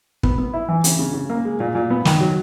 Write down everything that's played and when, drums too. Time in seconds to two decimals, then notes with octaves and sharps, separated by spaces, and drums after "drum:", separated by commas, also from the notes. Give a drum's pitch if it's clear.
0.23 B3, drum: kick
0.38 B3
0.54 E4
0.68 E3
0.84 C#3, drum: hi-hat
0.99 C#3
1.14 C#3
1.30 A#3
1.45 G#3
1.60 A#2
1.75 A#2
1.90 B3
2.05 D#3, drum: snare
2.20 F#3